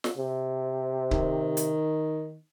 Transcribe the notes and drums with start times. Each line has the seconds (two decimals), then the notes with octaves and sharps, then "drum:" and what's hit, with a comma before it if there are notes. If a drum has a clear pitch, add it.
0.04 drum: snare
0.17 C3
1.11 D#3, drum: kick C#1
1.57 drum: hi-hat